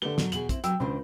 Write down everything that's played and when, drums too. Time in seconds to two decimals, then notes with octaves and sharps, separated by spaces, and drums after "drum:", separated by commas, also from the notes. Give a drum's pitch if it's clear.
0.02 D3 A3 G4 B4 G7
0.18 G#2 B2 F#3, drum: snare
0.32 E2 B2 G#4 F#7, drum: hi-hat
0.49 C4 E4, drum: kick, hi-hat
0.64 F#3 G5 E6, drum: hi-hat
0.80 C#2 D#3 D4 C5